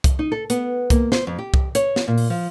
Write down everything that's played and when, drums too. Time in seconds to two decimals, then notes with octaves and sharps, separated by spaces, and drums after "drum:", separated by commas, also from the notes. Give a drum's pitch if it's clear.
0.04 drum: kick C2, hi-hat
0.19 D#4
0.32 A4
0.50 B3, drum: hi-hat
0.90 A#3, drum: kick C2, hi-hat
1.12 C5, drum: snare
1.27 F2
1.38 G4
1.54 drum: kick C2
1.75 C#5, drum: hi-hat
1.96 drum: snare
2.08 A#2
2.18 drum: open hi-hat
2.30 F3